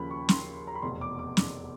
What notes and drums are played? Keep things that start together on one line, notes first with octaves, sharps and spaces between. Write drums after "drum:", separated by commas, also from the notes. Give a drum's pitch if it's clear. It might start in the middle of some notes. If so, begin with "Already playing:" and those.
Already playing: D#2 C#3 F3 B5
C#6
C6, drum: snare
A#5
B5
F1 E2 B2 C6
D6
D6
D6, drum: snare